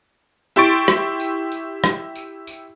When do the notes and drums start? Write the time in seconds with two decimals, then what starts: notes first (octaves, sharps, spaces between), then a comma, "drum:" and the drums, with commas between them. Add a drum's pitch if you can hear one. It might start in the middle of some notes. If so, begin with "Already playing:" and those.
0.56 E4 G4 C6 C#6 A6 D7, drum: tambourine
0.88 drum: rim click
1.20 drum: tambourine
1.52 drum: tambourine
1.84 drum: rim click
2.16 drum: tambourine
2.47 drum: tambourine